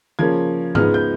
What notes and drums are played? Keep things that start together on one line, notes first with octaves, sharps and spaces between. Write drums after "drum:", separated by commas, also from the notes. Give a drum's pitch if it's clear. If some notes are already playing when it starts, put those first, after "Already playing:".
C#3 F3 A#3 C#4 G#6
C#3 F3 G#3 B3 D#4 F6, drum: tom G#2
G6